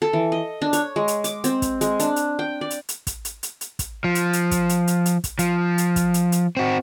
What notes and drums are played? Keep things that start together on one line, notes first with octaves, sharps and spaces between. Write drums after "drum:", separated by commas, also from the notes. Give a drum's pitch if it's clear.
A4
E3
D#5
D4
C#5, drum: hi-hat
G#3
drum: hi-hat
D6, drum: hi-hat
C4, drum: hi-hat
drum: kick, hi-hat
G#3, drum: hi-hat
D4, drum: hi-hat
drum: hi-hat
G5
D5
drum: hi-hat
drum: hi-hat
drum: kick, hi-hat
drum: hi-hat
drum: hi-hat
drum: hi-hat
drum: kick, hi-hat
F3
drum: hi-hat
drum: hi-hat
drum: kick, hi-hat
drum: hi-hat
drum: hi-hat
drum: hi-hat
drum: kick, hi-hat
F3, drum: hi-hat
drum: hi-hat
drum: kick, hi-hat
drum: hi-hat
drum: hi-hat
C4 F#4